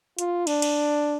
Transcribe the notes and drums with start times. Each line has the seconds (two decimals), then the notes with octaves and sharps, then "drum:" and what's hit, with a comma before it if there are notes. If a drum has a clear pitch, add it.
0.19 F4, drum: hi-hat
0.47 D4, drum: cymbal
0.62 drum: cymbal